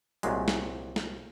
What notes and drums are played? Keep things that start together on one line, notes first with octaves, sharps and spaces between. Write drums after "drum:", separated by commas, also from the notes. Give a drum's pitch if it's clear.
C2 A#2 F#3 G#3, drum: hi-hat
drum: snare
drum: snare